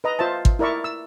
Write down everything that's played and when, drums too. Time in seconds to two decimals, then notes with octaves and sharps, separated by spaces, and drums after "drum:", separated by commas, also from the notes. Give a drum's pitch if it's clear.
0.04 B4 D#5 A#5
0.19 F4 C5 E5 A5
0.45 drum: kick
0.59 E4 A#4 D5 E5 C#6
0.84 E6